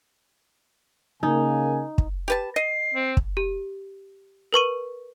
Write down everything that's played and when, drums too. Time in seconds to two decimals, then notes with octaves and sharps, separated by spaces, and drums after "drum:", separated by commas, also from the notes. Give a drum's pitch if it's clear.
1.23 C#3 A#3 D#4 G#5
1.98 drum: kick
2.28 G4 B4 A5
2.56 D#5 C7
2.94 C4
3.17 drum: kick
3.37 G4
4.53 A#4 B4 C#6 D#7